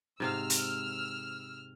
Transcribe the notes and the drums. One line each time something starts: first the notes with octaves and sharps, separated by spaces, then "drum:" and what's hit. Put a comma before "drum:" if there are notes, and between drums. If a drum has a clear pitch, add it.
G#2 C3 F5 E6 F6
drum: hi-hat